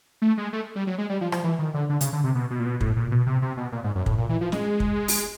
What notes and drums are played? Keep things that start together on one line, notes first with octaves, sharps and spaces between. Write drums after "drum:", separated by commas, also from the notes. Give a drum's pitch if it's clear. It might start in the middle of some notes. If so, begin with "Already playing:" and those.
A3
G#3
A3
G3
F#3
G#3
G3
F3
F3, drum: rim click
E3
D#3
D3
D3
C#3, drum: hi-hat
D3
C3
B2
B2
A#2
B2
A2, drum: kick
A#2
B2
C3
C3
B2
A#2
G#2
F#2
A2, drum: kick
A#2
E3
F3
G#3, drum: snare
drum: kick
drum: open hi-hat